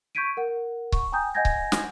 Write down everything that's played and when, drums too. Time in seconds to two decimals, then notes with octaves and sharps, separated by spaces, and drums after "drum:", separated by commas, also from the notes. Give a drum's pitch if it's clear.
0.15 C#6 G6 G#6 B6 D7 D#7
0.37 A#4 F#5
0.92 C#6, drum: kick C#1
1.12 G5 G#5 A#5 D#6 G6
1.35 D#5 F#5 G#5 G6 G#6 A#6
1.45 drum: kick C#1
1.72 drum: snare